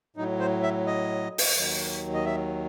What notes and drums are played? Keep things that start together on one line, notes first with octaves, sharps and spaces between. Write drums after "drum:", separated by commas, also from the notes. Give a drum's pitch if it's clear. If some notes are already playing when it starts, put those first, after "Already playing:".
A2 F#3 D#4
C5
E5
D#5
drum: open hi-hat
D#2 D#3 F#3
D#5
E5